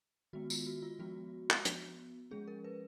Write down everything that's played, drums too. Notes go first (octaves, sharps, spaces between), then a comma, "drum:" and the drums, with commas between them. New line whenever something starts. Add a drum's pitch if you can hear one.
D#3 G#3 B3 F#4
F4, drum: tambourine
F#4
F4
F3 G#3 B3 F#4
drum: clap
F3 B3, drum: hi-hat
F3 G#3 C#4 G#4
A#4
B4